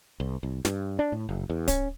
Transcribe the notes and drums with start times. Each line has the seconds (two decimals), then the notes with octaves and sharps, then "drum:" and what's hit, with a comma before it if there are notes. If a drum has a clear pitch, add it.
0.20 C2
0.43 C2
0.65 G2, drum: snare
0.99 D4
1.12 A2
1.29 F#1
1.50 E2
1.68 C#4, drum: kick D1, hi-hat